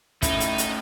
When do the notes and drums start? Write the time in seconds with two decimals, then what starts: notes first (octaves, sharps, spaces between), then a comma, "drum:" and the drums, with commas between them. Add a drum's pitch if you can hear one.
0.22 A2 B3 C#4 D#4 E4, drum: kick, hi-hat
0.40 drum: hi-hat
0.58 drum: hi-hat